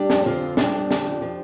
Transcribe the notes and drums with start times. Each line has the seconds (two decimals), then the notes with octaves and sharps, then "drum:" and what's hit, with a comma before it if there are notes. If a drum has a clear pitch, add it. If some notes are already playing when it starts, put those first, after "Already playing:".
Already playing: G3 D4 G4
0.10 F2, drum: snare
0.25 D3 C4 F4
0.42 F2
0.57 G3 D4 G4, drum: snare
0.73 F2
0.91 D3, drum: snare
1.06 F2
1.22 F3